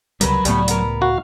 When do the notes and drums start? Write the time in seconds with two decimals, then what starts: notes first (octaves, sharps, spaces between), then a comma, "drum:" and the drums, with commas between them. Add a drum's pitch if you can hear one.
0.21 C#2 C3 F#3 G3 A#4 B4, drum: hi-hat
0.45 C#2 A2 G3 A3 B3, drum: hi-hat
0.68 B3 A#4, drum: hi-hat
1.02 F#4 F5